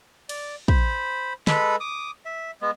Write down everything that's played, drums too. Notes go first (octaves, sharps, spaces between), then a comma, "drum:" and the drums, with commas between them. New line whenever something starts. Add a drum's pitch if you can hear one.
D5, drum: cymbal
C5 B5, drum: kick
G#3 A4 B4 B5, drum: snare
D6 D#6
E5
G#3 B3